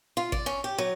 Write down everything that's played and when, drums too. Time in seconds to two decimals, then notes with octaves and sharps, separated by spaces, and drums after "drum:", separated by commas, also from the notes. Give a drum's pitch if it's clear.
0.17 F4
0.32 D5, drum: kick
0.46 C#4
0.64 G4
0.78 F#3